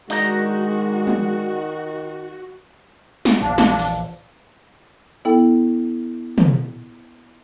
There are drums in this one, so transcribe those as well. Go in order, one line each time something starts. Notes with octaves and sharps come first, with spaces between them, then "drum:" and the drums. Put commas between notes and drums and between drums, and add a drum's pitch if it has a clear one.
D#3 G#3 D4 D#4 F#4 A#4, drum: hi-hat
drum: tom
drum: snare
E1 A#1 D4
drum: snare
drum: open hi-hat
B3 E4 A4 G5
drum: tom